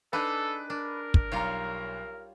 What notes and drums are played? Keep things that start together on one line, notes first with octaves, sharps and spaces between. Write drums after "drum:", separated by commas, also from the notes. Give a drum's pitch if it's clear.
D4 D#4 G#4 A4 B4
D4 A#4
drum: kick
B1 G3 F4 C#5 A#5